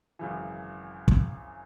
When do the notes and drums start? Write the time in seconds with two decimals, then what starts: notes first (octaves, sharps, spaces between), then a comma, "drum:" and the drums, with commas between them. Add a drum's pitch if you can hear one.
0.19 G#1 F#2 C#3 E3
1.08 drum: kick